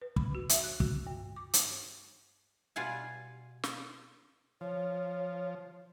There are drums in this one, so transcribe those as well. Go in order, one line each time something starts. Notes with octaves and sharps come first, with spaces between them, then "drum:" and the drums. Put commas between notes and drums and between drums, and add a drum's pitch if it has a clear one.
B4
B5, drum: kick
F#4
E5, drum: hi-hat
F#6
F#4, drum: kick
G2
D6
drum: hi-hat
B2 G3 F4 F5 F#5 G#5
drum: snare
F3 C#5